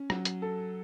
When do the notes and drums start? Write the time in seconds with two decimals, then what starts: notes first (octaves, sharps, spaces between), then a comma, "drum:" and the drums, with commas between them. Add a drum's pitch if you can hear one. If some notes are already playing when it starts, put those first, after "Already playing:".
Already playing: C#4
0.10 F#3, drum: rim click
0.25 drum: hi-hat
0.42 A4